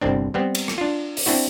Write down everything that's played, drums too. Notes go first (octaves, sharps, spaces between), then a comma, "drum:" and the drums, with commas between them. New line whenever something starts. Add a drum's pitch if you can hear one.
G1 C2 C4 D4
G3 B3 C4
drum: cymbal
drum: rim click
D4 F4
drum: open hi-hat
C4 D4 E4 F#4